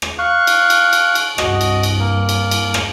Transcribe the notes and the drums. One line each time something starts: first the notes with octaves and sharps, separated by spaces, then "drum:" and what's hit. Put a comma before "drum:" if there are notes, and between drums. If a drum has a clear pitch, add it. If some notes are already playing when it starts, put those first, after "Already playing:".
drum: rim click
F5 C#6 F#6
drum: cymbal
drum: cymbal
drum: cymbal
drum: cymbal
C2 G2 F#4 D#5, drum: rim click
drum: cymbal
drum: cymbal
A#3
drum: cymbal
drum: cymbal
drum: rim click